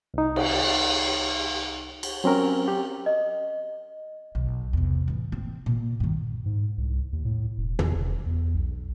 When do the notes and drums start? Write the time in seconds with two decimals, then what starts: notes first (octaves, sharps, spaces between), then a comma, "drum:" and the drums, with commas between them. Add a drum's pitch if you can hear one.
0.14 C2 D#4
0.36 drum: cymbal
2.03 drum: cymbal
2.24 F#3 C4 C#4 A#4
2.68 G4
3.06 D#5
4.35 B1
4.73 E2 C3
5.08 A2 E3
5.32 C4
5.66 A#2
6.00 G2 D#3
6.46 G#2
6.78 C2
7.13 D#2
7.25 A2
7.58 E1
7.79 E2, drum: tom
7.95 E1
8.26 E2
8.55 B1